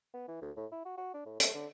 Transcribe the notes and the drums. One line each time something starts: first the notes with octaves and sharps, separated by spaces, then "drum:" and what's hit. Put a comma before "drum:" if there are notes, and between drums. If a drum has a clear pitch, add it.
B3
E3
D2
A2
E4
F#4
F#4
D4
A2
A3, drum: hi-hat
D3